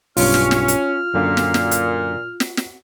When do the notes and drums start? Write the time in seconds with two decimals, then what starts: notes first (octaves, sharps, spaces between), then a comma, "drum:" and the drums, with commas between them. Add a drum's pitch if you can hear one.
0.17 B1 G2 C#4 F4 F6, drum: open hi-hat
0.34 drum: snare
0.51 drum: snare
0.68 drum: hi-hat
1.14 F#2 A#2 D3 A#3
1.37 drum: snare
1.54 drum: snare
1.71 drum: hi-hat
2.40 drum: snare
2.57 drum: snare